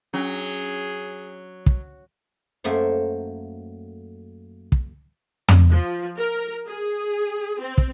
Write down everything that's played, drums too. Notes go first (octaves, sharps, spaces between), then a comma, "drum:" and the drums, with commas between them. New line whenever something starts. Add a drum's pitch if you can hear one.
F#3 C#4 D4 G#4
drum: kick
F#2 A3 A#3 C5
drum: kick
drum: tom
F3
A#4
G#4
C4
drum: kick